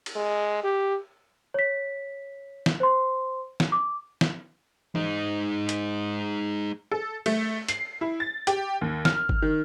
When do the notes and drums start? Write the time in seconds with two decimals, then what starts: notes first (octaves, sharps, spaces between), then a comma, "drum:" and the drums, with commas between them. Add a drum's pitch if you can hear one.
0.06 drum: cymbal
0.16 G#3
0.64 G4
1.54 C#5 B6
2.66 drum: snare
2.80 C5 C6
3.60 drum: snare
3.72 D6
4.21 drum: snare
4.95 G#3 D#4, drum: tom E3
5.69 drum: hi-hat
6.92 A4
7.26 A3, drum: cymbal
7.68 C7, drum: hi-hat
8.01 E4
8.20 A6
8.47 G4, drum: hi-hat
8.81 D#2
9.05 F6, drum: snare
9.29 drum: kick G1
9.42 D#3